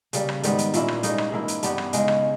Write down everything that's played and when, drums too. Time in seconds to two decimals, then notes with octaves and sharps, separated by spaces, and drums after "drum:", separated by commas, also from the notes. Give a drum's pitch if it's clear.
0.13 C#3 G3 A#3, drum: hi-hat
0.29 drum: rim click
0.43 G#2 D#3 G3 B3, drum: hi-hat
0.58 drum: hi-hat
0.74 A#2 A#3 C#4 E4, drum: hi-hat
0.88 drum: rim click
1.03 G#2 G3 A#3 D#4, drum: hi-hat
1.18 drum: rim click
1.32 G#2 E3 A#3 E4
1.48 drum: hi-hat
1.63 G2 G3 B3 G4, drum: hi-hat
1.78 drum: rim click
1.93 C#3 G#3 D#4, drum: hi-hat
2.08 drum: rim click